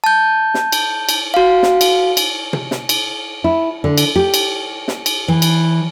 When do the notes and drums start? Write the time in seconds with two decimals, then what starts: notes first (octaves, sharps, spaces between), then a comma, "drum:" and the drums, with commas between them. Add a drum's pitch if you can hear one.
0.04 A5 G6
0.54 drum: snare
0.72 drum: cymbal
1.09 drum: cymbal
1.34 F#4 F5
1.63 drum: snare
1.81 drum: cymbal
2.17 drum: cymbal
2.53 drum: tom
2.71 drum: snare
2.89 drum: cymbal
3.44 E4
3.84 D3
3.98 drum: cymbal
4.16 G4
4.34 drum: cymbal
4.88 drum: snare
5.06 drum: cymbal
5.28 E3
5.42 drum: cymbal